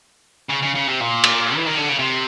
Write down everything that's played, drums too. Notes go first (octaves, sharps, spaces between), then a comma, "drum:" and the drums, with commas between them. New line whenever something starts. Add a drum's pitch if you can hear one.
C#3
C#3
C#3
C3
A#2
drum: cymbal
E3
D#3
D3
C#3
C3